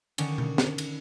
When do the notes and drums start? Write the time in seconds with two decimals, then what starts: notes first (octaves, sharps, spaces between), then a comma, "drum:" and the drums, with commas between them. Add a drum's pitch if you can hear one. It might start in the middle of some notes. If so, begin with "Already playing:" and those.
0.18 D3 D#3 C#4, drum: cymbal
0.38 drum: tom B2
0.58 drum: snare
0.78 drum: cymbal